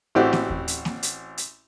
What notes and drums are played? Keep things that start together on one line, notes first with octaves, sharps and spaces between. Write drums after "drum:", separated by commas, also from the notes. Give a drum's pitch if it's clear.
A1 C4 E4 F#4 G4
drum: snare A#3
drum: kick D#2
drum: hi-hat
drum: snare A#3
drum: hi-hat
drum: hi-hat